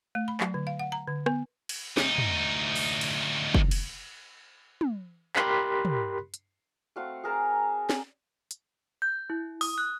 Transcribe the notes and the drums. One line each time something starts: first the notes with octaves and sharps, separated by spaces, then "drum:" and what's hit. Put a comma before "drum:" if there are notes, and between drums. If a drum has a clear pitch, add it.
A3
B5
F#3, drum: clap
D3
F5
F#5
A#5
D3
B3, drum: rim click
drum: cymbal
D2 D#4, drum: snare
drum: tom
drum: open hi-hat
drum: cymbal
drum: kick
drum: cymbal
drum: tom
G4 A#4 B5 C6 F#6 B6, drum: clap
drum: tom
drum: hi-hat
A3 C4 F#4 F5
G#4 A#4 A5 A#5
drum: snare
drum: hi-hat
G6
E4
D#6, drum: open hi-hat
F#6